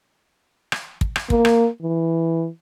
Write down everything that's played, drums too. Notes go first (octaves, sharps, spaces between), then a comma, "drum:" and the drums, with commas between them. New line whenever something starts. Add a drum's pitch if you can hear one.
drum: rim click
drum: kick
drum: rim click
A#3, drum: kick
drum: rim click
E3